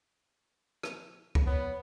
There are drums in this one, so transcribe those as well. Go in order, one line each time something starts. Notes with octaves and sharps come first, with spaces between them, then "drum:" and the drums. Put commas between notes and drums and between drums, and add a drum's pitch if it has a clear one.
drum: rim click
drum: kick
B3 C#5